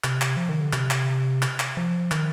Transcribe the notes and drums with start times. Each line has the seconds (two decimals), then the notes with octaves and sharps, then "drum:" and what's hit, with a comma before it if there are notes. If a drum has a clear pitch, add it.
0.04 C3, drum: clap
0.21 drum: clap
0.37 F3
0.49 D#3
0.61 D3
0.73 C3, drum: clap
0.91 drum: clap
1.42 drum: clap
1.60 drum: clap
1.77 F3
2.11 D#3, drum: clap